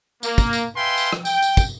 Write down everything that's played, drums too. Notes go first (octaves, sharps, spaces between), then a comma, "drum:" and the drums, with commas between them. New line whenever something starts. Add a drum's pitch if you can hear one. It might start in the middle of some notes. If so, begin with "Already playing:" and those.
A#3, drum: tambourine
drum: kick, tambourine
drum: tambourine
B4 E5 F5 G5 G#5 C6
drum: tambourine
drum: rim click
G5, drum: tambourine
drum: tambourine
drum: kick, tambourine